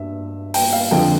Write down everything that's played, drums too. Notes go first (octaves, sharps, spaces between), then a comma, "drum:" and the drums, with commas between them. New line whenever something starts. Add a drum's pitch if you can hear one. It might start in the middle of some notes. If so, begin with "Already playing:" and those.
Already playing: G2 E5
G5, drum: open hi-hat
F5
F2 D3 F3 G5